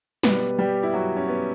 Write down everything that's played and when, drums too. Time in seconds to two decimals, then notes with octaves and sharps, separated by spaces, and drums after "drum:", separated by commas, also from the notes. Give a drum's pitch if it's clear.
0.23 B2 G3 B3 B4, drum: snare
0.59 G3 G4
0.83 E4
0.94 F#3 F#4
1.17 C#4
1.28 B3